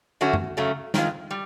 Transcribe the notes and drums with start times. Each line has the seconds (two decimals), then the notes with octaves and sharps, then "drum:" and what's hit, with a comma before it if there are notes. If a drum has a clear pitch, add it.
0.21 D3 F#3 A3 C#4 F#4
0.33 drum: tom F#2
0.57 C#3 F#3 A3 C#4
0.94 D#3 G#3 C4 F4, drum: snare
1.31 G3